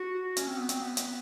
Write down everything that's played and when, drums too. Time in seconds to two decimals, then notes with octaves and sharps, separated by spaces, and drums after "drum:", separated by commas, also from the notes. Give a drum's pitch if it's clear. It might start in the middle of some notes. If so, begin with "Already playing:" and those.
Already playing: F#4
0.37 C#4, drum: hi-hat
0.47 C4
0.58 B3
0.69 C4, drum: hi-hat
0.82 B3
0.97 drum: hi-hat